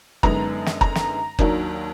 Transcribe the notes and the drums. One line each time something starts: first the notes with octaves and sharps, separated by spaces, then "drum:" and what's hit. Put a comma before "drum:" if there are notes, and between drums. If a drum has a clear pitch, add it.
F#2 D3 G#3 B3 D#4 A#5, drum: kick F#1
drum: snare
A#5, drum: kick F#1
drum: snare
D#2 D#3 F#3 A#3 D4, drum: kick F#1